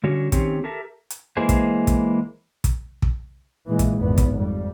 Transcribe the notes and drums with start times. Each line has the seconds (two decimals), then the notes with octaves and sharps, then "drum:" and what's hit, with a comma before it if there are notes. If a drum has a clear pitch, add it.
0.04 D3 G3 C#4 D4 F#4 C#5
0.32 D#3 C4 C#4 G4 C#5, drum: kick, hi-hat
0.64 G4 A4 A#4 E5 A5
1.10 drum: hi-hat
1.37 E3 G#3 A#3 G#4 C5
1.49 drum: kick, hi-hat
1.87 drum: kick, hi-hat
2.64 drum: kick, hi-hat
3.02 drum: kick
3.66 A#2 E3 G#3
3.79 drum: kick, hi-hat
3.98 G#1 E2 B3
4.18 drum: kick, hi-hat
4.35 F2 G3